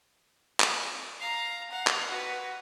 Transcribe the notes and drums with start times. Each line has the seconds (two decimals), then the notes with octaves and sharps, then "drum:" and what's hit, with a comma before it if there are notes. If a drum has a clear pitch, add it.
0.60 drum: clap
1.20 F5 A#5
1.71 F5 F#5
1.87 drum: clap
2.08 F#4 B4